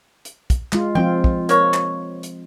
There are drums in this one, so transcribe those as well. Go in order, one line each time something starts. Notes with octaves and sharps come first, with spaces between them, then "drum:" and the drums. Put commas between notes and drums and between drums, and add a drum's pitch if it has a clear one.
drum: hi-hat
drum: kick, hi-hat
G#3 F4, drum: clap
F3 C4 F4 G5
drum: kick
A#3 C#5, drum: hi-hat
drum: clap
drum: hi-hat